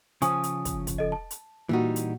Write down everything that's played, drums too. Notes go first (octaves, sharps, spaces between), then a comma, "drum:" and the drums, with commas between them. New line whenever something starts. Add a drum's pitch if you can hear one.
C#3 F3 C#4 G#5 C#6 D#6, drum: hi-hat
drum: hi-hat
drum: kick, hi-hat
drum: kick, hi-hat
A4 D#5
A5
drum: hi-hat
A#2 E3 G3 D#4 F#4
drum: hi-hat